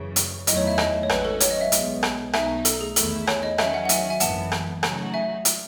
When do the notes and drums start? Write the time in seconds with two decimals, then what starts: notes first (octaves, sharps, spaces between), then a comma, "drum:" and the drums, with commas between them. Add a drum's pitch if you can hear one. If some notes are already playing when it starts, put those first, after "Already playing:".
Already playing: F#2 C#3 E3
0.16 drum: hi-hat
0.47 E2 D#3 F#3 A3 E4 D#5, drum: hi-hat
0.57 C#5
0.67 E5
0.78 D#5, drum: rim click
1.03 C#5
1.09 G#1 G#2 F#3 C#4 F#4 B4, drum: rim click
1.25 A4
1.40 C#5, drum: hi-hat
1.51 D#5
1.61 E5
1.72 B1 B2 G#3, drum: hi-hat
2.03 drum: rim click
2.33 B1 B2 A3 D#4 E5 G#5, drum: rim click
2.65 A4, drum: hi-hat
2.81 G#4
2.96 E2 D#3 A3 E4 A4, drum: hi-hat
3.27 C#5, drum: rim click
3.43 D#5
3.58 D#3 F#3 C#4 F#4 E5, drum: rim click
3.74 F#5
3.85 F#5
3.89 E5 G#5, drum: hi-hat
4.10 E5 G#5
4.20 G#1 F#2 E3 B3 F#5 A5, drum: hi-hat
4.52 drum: rim click
4.83 C#3 F#3 A3 D#4 F#4, drum: rim click
5.14 E5 G#5
5.45 drum: hi-hat